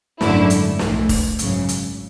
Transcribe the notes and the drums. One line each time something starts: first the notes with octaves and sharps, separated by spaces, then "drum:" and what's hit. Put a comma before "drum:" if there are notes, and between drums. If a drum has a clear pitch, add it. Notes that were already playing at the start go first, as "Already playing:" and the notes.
G#1 F#2 D3 A3 E4, drum: snare
drum: hi-hat
B1 A2 E3, drum: snare
drum: kick F1, open hi-hat
G#1 F#2 C#3, drum: hi-hat
drum: hi-hat